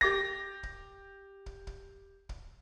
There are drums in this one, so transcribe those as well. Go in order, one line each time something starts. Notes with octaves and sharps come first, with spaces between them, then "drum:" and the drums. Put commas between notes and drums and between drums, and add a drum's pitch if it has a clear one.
G4 D6 A#6, drum: kick
drum: kick
drum: kick
drum: kick
drum: kick